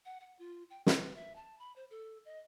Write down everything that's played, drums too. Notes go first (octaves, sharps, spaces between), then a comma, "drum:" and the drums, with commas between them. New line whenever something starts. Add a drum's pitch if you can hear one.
F#5
F#5
F4
G5
B4, drum: snare
E5
A5
B5
C5
A4
D#5